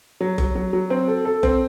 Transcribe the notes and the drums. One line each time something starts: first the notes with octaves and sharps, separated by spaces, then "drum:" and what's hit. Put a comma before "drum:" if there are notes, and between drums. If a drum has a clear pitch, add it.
F#3
F#3, drum: kick F#1
F#3
F#3
C4
A4
A4
C4, drum: kick F#1